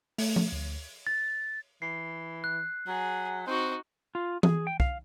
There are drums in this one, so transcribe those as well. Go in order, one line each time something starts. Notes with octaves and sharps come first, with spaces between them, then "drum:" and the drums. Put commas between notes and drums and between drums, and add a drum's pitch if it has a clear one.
A3, drum: open hi-hat
drum: tom F3
D2
A6
E3 C7
F#6
F#3 G#4
C4 D#4 F#4
F4
G#4, drum: tom E3
G5
F5, drum: kick